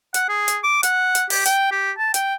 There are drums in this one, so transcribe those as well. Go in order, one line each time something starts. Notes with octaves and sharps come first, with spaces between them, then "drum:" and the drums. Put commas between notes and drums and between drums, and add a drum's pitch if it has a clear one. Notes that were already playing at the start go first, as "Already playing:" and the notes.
F#5, drum: hi-hat
G#4
drum: hi-hat
D6
F#5, drum: hi-hat
drum: hi-hat
G4, drum: open hi-hat
G5, drum: hi-hat
G4
A5
G5, drum: hi-hat